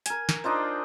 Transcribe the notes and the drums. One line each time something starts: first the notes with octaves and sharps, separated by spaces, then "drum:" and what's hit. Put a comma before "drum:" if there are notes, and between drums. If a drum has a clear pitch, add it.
A#4 G#5, drum: hi-hat
drum: snare
D4 D#4 F4 C5